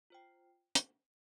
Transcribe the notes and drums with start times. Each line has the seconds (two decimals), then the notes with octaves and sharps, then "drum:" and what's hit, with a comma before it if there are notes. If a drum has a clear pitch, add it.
0.10 F4 C5 G5
0.75 drum: hi-hat